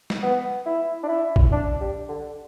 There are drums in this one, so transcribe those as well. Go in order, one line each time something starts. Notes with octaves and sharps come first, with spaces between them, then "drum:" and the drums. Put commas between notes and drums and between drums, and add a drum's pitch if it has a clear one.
drum: snare
B3
E4
D4
E4
drum: kick
D4
G3
D3